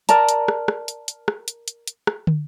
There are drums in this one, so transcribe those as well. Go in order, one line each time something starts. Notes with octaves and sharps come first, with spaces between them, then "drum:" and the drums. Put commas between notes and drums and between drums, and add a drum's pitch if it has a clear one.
A#4 D5 A5 A#5, drum: hi-hat
drum: hi-hat
drum: rim click
drum: rim click
drum: hi-hat
drum: hi-hat
drum: rim click
drum: hi-hat
drum: hi-hat
drum: hi-hat
drum: rim click
drum: tom